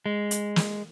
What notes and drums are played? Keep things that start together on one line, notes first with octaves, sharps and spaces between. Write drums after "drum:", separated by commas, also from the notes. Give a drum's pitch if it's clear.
G#3
drum: hi-hat
drum: snare